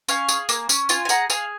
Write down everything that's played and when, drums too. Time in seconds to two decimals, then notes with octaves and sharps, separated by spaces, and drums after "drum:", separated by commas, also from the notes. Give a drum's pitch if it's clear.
0.08 C#4 F5 G#5, drum: tambourine
0.29 G#4, drum: tambourine
0.49 A#3, drum: tambourine
0.69 C#4, drum: tambourine
0.89 F4 F5 G#5, drum: tambourine
1.05 G#5
1.09 G#4 F#5 A#5, drum: tambourine
1.30 G#4 F5 G#5, drum: tambourine